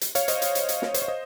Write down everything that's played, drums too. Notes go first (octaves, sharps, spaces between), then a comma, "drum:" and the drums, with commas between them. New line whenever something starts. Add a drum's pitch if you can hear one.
drum: hi-hat
C#5 F5, drum: hi-hat
C5 D#5, drum: hi-hat
drum: hi-hat
drum: hi-hat
drum: hi-hat
drum: snare
C5, drum: hi-hat
C#5
C5 D#5